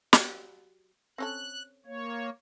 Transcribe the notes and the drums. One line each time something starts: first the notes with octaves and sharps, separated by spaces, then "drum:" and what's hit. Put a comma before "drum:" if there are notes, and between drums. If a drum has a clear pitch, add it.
F#3 G4 D5, drum: snare
C4 C#4 A4 F#6
A#3 C#5